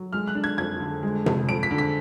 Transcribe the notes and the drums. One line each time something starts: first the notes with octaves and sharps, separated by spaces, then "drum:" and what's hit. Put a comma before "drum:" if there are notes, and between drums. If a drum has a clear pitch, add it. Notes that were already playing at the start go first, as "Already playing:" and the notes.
Already playing: F#3
G#3 F6
F#6
D4
G#6
F2 G#6
D3
G#3
F2, drum: tom C3
F2 D7
B6
D3
B6